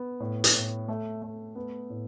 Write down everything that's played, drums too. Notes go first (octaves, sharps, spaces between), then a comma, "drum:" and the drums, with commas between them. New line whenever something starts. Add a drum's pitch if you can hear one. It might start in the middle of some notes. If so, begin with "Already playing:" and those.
Already playing: B3
A2
drum: hi-hat
A2
A3
A3
B3
A2